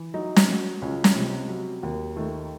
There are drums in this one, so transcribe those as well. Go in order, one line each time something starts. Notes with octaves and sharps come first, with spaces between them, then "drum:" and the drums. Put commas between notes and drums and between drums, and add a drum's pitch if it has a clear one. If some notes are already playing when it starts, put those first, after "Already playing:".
Already playing: E3
F#3 D#4
drum: snare
F#3
C#2 C#4
drum: snare
C3
F#3
D#2
D#3 A3